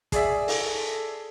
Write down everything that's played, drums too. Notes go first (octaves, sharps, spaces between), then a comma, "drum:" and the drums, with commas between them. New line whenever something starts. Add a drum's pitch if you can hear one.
G#4 D5 E5, drum: kick, hi-hat
A4, drum: open hi-hat